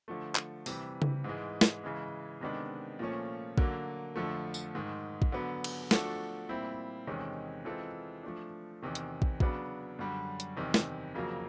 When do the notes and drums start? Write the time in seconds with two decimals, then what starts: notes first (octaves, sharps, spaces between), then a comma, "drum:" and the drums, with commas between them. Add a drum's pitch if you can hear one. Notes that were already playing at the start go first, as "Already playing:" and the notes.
0.08 D3 F3 A3
0.35 drum: clap
0.66 C3 E3 G3, drum: open hi-hat
1.02 drum: tom C#3
1.24 G#2 E3 G#3
1.61 drum: snare
1.84 C#3 E3 G#3
2.41 C3 D#3 G#3 B3 D4
2.99 A#2 F3 A3 C#4
3.58 D3 F#3 A#3, drum: kick
4.16 F2 D3 F3 A3
4.54 drum: tambourine
4.75 G#2 D#3 G#3
5.22 drum: kick
5.32 D3 F#3 B3
5.64 drum: cymbal
5.91 F3 A3 D4 F#4 A4, drum: snare
6.49 A#2 G3 C4 E4
7.07 E2 C3 D#3 G#3 C#4
7.65 E3 G#3 C4 F4 A4
8.23 F3 A3 D4
8.82 E2 C3 D#3
8.95 drum: hi-hat
9.22 drum: kick
9.40 C#3 F#3 B3 D4, drum: kick
9.99 F#2 D3 G3
10.40 drum: hi-hat
10.57 E2 C3 D#3
10.74 drum: snare
11.15 F2 C#3 F#3 A#3